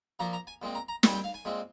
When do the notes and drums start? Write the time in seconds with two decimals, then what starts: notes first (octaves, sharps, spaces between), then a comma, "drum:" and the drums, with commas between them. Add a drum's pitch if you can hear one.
0.19 A#2 F3 A#3 A#5
0.33 A#5
0.47 G#5
0.62 A#2 G#3 C4
0.75 A#5
0.88 A#5
1.03 A#2 G3 C4 G#5, drum: snare
1.13 G5
1.24 F5
1.34 G#5
1.45 A#2 G#3 C4